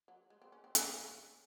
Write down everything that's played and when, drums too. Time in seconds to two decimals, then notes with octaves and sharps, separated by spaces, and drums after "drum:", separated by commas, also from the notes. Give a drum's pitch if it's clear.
0.08 F#3
0.30 G#3
0.42 C4
0.52 C#4
0.64 C4
0.75 C4, drum: hi-hat
0.97 C#4